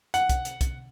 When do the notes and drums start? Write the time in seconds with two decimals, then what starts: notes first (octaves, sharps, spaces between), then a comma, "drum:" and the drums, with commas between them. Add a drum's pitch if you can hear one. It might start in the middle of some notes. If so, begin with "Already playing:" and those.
0.14 F#5, drum: hi-hat
0.30 drum: kick, hi-hat
0.45 drum: hi-hat
0.61 drum: kick, hi-hat